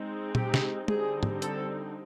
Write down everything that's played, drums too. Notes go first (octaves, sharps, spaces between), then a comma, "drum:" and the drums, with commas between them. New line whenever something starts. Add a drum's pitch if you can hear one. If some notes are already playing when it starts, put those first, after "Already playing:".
Already playing: G#3 C4 D#4
G4, drum: tom A#2
drum: snare
D3 G3 C4 D#4 G#4, drum: tom
drum: tom G#2
A4, drum: hi-hat